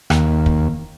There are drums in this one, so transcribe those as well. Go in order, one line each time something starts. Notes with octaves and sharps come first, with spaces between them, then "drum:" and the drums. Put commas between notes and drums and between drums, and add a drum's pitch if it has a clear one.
D#2, drum: rim click
drum: kick